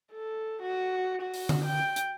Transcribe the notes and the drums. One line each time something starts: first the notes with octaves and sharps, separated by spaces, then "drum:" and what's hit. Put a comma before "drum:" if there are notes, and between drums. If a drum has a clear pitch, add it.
A4
F#4
F#4
drum: open hi-hat
drum: tom D3
G5
drum: hi-hat